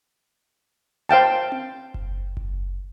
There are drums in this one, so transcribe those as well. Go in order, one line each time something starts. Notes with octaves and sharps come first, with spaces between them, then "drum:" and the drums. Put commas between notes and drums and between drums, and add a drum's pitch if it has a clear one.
C5 F5 G5 A5
drum: tom C4
drum: kick F#1
drum: kick F#1